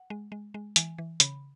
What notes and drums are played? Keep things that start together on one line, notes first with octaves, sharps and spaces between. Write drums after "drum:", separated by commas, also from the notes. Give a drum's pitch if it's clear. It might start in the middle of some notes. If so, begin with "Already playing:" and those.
Already playing: F#5
G#3
G#3
G#3
E3 G#5, drum: hi-hat
E3
C#3 B5, drum: hi-hat